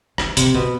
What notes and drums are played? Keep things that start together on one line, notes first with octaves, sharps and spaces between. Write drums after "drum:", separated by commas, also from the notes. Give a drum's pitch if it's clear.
E3, drum: rim click
C3, drum: hi-hat
B2